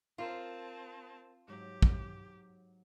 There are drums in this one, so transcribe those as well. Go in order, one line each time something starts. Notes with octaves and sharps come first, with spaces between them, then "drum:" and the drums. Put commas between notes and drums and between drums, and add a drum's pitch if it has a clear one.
C4 F4 A#4 C5 D#5 A5
G#2 F#3 G4
drum: kick